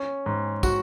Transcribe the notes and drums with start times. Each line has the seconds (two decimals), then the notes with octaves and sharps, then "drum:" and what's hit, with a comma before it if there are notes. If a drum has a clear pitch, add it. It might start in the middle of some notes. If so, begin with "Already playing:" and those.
Already playing: C#4
0.26 G#2
0.63 F#4, drum: kick, tambourine